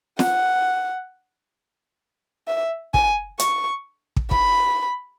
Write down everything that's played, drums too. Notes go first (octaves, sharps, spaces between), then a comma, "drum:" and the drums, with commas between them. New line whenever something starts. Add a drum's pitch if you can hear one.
F#5, drum: snare
E5
G#5, drum: kick
C#6, drum: hi-hat
drum: kick
B5, drum: kick